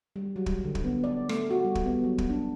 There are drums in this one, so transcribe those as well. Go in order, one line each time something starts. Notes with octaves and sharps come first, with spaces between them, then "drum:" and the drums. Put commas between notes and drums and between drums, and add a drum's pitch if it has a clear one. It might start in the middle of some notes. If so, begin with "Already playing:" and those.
G3
F#3
drum: kick
D3
drum: kick
B3
D5
A3, drum: rim click
F#4
G3
drum: kick
B3
F#3
drum: kick
D4